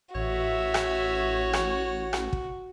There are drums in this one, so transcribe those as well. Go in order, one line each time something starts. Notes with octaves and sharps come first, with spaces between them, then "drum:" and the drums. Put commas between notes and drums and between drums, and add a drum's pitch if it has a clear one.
A1 F#4 C#5 E5
drum: rim click
drum: rim click
drum: rim click
drum: kick